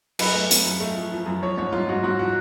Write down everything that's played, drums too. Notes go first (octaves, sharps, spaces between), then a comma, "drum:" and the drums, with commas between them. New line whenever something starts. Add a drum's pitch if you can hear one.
F#2 B4, drum: cymbal
A3
A3, drum: hi-hat
F#2
A3
F3
F3
F#2
F3 C#5
G#2 C#5
G#2 F4
G#2 F#4
G#2 F#4
F3 F#4